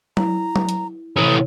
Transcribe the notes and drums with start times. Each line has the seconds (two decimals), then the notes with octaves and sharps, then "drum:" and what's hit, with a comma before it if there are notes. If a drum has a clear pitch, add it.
0.17 E4 A#5, drum: tom F#3
0.56 drum: tom F#3
0.69 drum: hi-hat
1.16 C3 E3 C#4 E4 D#6